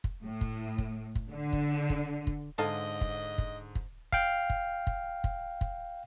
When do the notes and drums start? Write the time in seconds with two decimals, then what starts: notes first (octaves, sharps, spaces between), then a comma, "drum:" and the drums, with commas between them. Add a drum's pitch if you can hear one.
0.04 drum: kick
0.22 A2
0.41 drum: kick
0.78 drum: kick
1.15 drum: kick
1.30 D3
1.53 drum: kick
1.90 drum: kick
2.27 drum: kick
2.58 G#2 D3 A4 D#5 F5 G#5
3.01 drum: kick
3.38 drum: kick
3.75 drum: kick
4.12 F5 G5, drum: kick
4.50 drum: kick
4.87 drum: kick
5.24 drum: kick
5.61 drum: kick